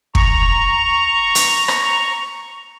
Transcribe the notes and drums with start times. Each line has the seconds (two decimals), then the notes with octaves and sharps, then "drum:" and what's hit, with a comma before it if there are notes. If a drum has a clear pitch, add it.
0.15 A#5 C#6, drum: kick
1.35 drum: hi-hat
1.68 drum: rim click